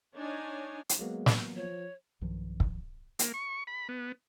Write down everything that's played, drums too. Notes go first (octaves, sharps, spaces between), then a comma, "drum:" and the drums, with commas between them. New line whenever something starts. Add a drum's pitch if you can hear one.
D4 D#4 C#5 G#5
drum: hi-hat
F#3 G#3 A#3 B3
drum: snare
F3 C#5
B1 G2 D#3 F3
drum: kick
A#3, drum: hi-hat
C#6
B5
B3